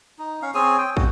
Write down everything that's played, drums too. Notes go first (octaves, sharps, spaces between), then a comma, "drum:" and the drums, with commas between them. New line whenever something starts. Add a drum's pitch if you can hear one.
D#4
C#4 F5
C4 G#4 C#5 G#5
G5
F#4, drum: kick